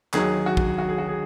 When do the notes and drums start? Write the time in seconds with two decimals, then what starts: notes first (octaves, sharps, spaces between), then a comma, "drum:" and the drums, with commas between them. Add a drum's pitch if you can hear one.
0.13 D#2 D#3 F#3 G#4, drum: clap
0.46 F#4
0.57 drum: kick
0.78 F#4
0.89 G#4
0.98 F#4
1.08 G#4